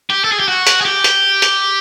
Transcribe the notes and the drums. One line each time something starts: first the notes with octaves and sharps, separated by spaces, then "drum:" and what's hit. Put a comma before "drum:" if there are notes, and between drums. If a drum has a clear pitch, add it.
G4
A4
G#4
G4
F#4
drum: hi-hat
G#4
G4
drum: hi-hat
drum: hi-hat